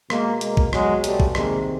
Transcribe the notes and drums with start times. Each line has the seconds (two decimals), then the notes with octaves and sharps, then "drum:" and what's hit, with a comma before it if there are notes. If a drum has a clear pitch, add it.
0.10 B2 G#3 A#3, drum: rim click
0.41 G#3 A#3, drum: hi-hat
0.57 drum: kick
0.73 B2 F#3 G#3, drum: rim click
1.04 G3 A3, drum: hi-hat
1.20 drum: kick
1.35 C3 D#3 G#3 A#3, drum: rim click